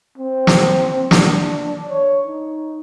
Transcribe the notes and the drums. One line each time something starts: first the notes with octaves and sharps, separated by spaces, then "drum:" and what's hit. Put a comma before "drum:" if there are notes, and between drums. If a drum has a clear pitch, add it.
C4
drum: snare
D4, drum: snare
C#5
D#4